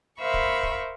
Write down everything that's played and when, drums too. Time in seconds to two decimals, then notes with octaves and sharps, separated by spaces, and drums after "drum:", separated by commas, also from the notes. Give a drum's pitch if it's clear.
0.19 A#4 C5 E5 F5 B5 C#6
0.34 drum: kick
0.63 drum: kick